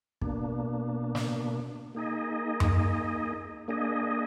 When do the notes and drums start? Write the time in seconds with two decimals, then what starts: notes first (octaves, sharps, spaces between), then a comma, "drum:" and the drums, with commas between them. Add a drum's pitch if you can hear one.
0.21 B2 A#3 D4, drum: kick
1.15 drum: snare
1.95 A#3 D#4 G#4 D#5
2.60 drum: tom F#2
3.68 A#3 D4 G#4 D#5